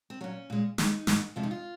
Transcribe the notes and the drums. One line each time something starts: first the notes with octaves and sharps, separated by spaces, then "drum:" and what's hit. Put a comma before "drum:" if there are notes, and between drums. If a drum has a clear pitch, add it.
C4
A#2 F#3 C#4
A#2 G#3
D#2 D#3 G#3 D#4, drum: snare
G#2 D#3 G#3, drum: snare
F2 C3 F3 G#3 F4
D#4
F4